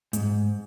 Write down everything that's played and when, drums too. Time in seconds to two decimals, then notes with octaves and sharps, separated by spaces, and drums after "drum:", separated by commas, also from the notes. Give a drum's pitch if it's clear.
0.13 G#2, drum: hi-hat